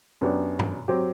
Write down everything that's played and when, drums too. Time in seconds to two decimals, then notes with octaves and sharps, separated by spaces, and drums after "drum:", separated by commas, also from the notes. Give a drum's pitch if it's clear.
0.21 F#2 F#3 B3 D4 G4
0.59 drum: tom G2
0.88 F#3 C4 G4